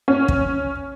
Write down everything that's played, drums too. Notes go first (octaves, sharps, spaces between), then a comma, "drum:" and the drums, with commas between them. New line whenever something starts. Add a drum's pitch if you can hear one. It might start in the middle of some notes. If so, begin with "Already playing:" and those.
C#4
drum: kick